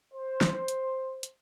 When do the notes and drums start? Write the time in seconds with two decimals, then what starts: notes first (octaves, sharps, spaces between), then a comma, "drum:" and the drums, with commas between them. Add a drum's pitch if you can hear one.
0.14 C5
0.41 drum: snare
0.68 drum: hi-hat
1.23 drum: hi-hat